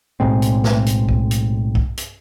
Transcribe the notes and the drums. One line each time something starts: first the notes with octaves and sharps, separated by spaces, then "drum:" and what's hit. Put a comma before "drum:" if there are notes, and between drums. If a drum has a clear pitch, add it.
B1 A2 G#3 C4
drum: hi-hat
drum: snare
drum: hi-hat
drum: kick B1
drum: hi-hat
drum: kick B1
drum: hi-hat